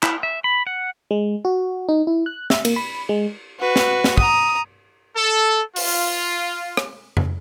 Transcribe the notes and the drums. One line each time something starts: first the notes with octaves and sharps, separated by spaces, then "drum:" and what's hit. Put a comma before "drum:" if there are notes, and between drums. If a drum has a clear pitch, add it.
E4, drum: clap
E5
B5
F#5
G#3
F#4
D#4
E4
F#6
E5, drum: snare
A#3, drum: cymbal
B5
G#3
F#4 B4
drum: snare
drum: snare
A#5 D#6, drum: kick
A4
F4, drum: open hi-hat
drum: rim click
drum: tom F2